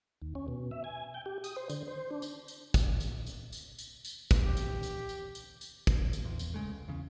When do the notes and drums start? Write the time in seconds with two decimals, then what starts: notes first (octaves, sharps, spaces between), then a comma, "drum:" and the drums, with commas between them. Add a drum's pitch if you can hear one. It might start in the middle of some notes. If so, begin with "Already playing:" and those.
0.22 D#2
0.35 C#4
0.48 B2
0.71 E5
0.84 G#5
1.14 G5
1.26 G4
1.44 D#6, drum: tambourine
1.56 C5
1.70 D3, drum: tambourine
1.88 C5
2.10 D4
2.22 drum: tambourine
2.48 drum: tambourine
2.74 drum: kick, tambourine
3.00 drum: tambourine
3.26 drum: tambourine
3.52 drum: tambourine
3.79 drum: tambourine
4.05 drum: tambourine
4.31 drum: kick, tambourine
4.42 E3 G4
4.57 drum: tambourine
4.83 drum: tambourine
5.09 drum: tambourine
5.35 drum: tambourine
5.61 drum: tambourine
5.87 drum: kick, tambourine
6.13 drum: tambourine
6.25 E2
6.39 drum: tambourine
6.54 C#3 G#3 A3
6.71 C#2
6.88 E2 C#3